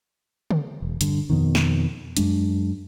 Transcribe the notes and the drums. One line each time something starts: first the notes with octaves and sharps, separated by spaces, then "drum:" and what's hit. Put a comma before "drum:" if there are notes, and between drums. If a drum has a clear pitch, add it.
drum: tom C#3
E1
G2 D3, drum: hi-hat
F2 B2 D#3
drum: snare
F#2 G#3 D4, drum: hi-hat